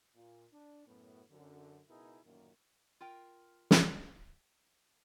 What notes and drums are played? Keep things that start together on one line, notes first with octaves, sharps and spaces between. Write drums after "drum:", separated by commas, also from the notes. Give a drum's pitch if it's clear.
A#2
D4
F#2 A2 B3
F#2 D3
C#2 B2 D#4 E4 G#4 A#4
A1 F#2 A#2 D#3 A#3
F4 A#4 G5
drum: snare